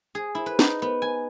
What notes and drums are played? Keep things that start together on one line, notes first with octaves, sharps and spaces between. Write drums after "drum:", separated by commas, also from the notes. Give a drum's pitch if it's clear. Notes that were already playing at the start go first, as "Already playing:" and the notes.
G#4
E4
B4
D#4, drum: snare
B3
G#5